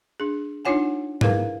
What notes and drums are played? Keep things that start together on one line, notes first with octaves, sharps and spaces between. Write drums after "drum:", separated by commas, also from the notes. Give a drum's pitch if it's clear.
D4 G#4
D4 D#4 F4 C#5 F#5 G#5
E4 G#4 A#4 B4 F5, drum: tom G#2